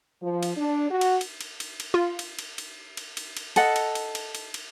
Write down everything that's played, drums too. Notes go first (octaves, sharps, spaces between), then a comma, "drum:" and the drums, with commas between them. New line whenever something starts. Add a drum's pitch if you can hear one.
F3
drum: cymbal
D4
F#4
drum: cymbal
drum: cymbal
drum: cymbal
drum: cymbal
drum: cymbal
F4
drum: cymbal
drum: cymbal
drum: cymbal
drum: cymbal
drum: cymbal
drum: cymbal
A4 D#5 F#5, drum: cymbal
drum: cymbal
drum: cymbal
drum: cymbal
drum: cymbal
drum: cymbal